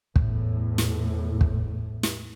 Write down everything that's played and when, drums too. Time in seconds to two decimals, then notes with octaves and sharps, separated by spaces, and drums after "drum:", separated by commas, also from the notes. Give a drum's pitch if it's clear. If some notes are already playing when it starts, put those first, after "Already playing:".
0.16 E2 A2, drum: kick
0.78 drum: snare
1.41 drum: kick
2.03 drum: snare